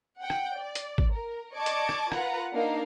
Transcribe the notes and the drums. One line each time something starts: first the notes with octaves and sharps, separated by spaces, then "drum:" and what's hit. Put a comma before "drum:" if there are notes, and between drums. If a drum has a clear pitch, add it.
F#5 G5
drum: rim click
D5
drum: hi-hat
drum: kick G#1
A#4
D5 D#5 A5 C#6 D6 G#6
drum: hi-hat
drum: rim click
F4 A#4 B4 F#5 A#5, drum: rim click
A#3 D4 D#4 A#4 F5